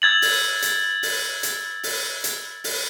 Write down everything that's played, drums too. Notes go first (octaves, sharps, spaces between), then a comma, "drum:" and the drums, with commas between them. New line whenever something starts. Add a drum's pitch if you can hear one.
E6 G#6 A6 F#7
drum: open hi-hat
drum: hi-hat
drum: open hi-hat
drum: hi-hat
drum: open hi-hat
drum: hi-hat
drum: open hi-hat